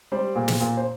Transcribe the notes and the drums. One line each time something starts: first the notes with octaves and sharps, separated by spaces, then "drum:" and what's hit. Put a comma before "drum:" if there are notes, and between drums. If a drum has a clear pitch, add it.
G3 C5
A#2
drum: snare
A#2
C5